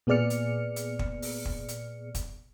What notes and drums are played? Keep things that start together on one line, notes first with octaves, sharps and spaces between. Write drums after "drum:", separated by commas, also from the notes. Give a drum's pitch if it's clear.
A#2 B3 G#4 D5 F6 C#7
drum: hi-hat
drum: hi-hat
drum: kick
drum: open hi-hat
drum: kick
drum: hi-hat
drum: kick, hi-hat